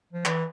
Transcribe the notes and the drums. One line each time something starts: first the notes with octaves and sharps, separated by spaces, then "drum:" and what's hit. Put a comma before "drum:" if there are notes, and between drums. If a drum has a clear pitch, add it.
F3
E3, drum: clap